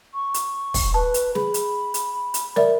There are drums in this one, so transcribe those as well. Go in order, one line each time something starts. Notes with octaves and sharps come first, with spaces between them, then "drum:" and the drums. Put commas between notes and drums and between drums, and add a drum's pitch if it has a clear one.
C#6
drum: hi-hat
drum: kick, open hi-hat
B4 A5
drum: hi-hat
G#4 B5, drum: snare
drum: hi-hat
drum: hi-hat
drum: hi-hat
A#4 D5 E5, drum: snare